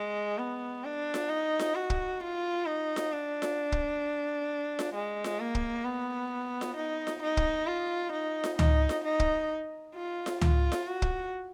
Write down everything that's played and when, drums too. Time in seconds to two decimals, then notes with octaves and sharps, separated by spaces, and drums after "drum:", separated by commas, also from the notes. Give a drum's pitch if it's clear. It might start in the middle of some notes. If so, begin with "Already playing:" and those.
Already playing: G#3
0.38 B3
0.84 D4
1.14 drum: snare F4
1.29 D#4
1.59 drum: snare F4
1.75 F#4
1.90 drum: kick
2.21 F4
2.66 D#4
2.96 drum: snare F4
3.12 D4
3.42 drum: snare F4
3.72 drum: kick
4.79 drum: snare F4
4.95 G#3
5.24 drum: snare F4
5.39 A#3
5.55 drum: kick
5.85 B3
6.61 drum: snare F4
6.76 D#4
7.07 drum: snare F4
7.22 D#4
7.37 drum: kick
7.67 F4
8.13 D#4
8.44 drum: snare F4
8.59 D#4, drum: tom C#2
8.89 drum: snare F4
9.04 D#4
9.20 drum: kick
9.95 F4
10.26 drum: snare F4
10.41 F4, drum: tom C#2
10.72 drum: snare F4
10.87 F#4
11.02 drum: kick